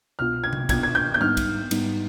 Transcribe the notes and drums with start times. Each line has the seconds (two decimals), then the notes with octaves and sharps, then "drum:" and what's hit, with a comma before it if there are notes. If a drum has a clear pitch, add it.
0.19 C2 B2 B3 F4 F6
0.44 G#6
0.53 drum: tom C3
0.69 C2 B2 B3 F4 G#6, drum: kick, cymbal
0.83 G#6
0.95 G6
1.14 G6
1.20 G#2 G3 B3 D#4 F6
1.37 drum: kick, cymbal
1.71 G#2 G3 B3 D#4, drum: cymbal